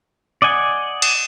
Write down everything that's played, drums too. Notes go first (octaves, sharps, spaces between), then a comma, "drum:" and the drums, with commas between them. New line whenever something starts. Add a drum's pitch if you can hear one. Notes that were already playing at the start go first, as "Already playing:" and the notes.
D5 D#5 F#5 G#5
drum: cymbal